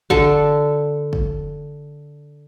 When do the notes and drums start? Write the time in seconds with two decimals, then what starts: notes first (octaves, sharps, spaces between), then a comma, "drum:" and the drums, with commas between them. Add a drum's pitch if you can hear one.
0.10 D3 A4, drum: kick
1.13 drum: kick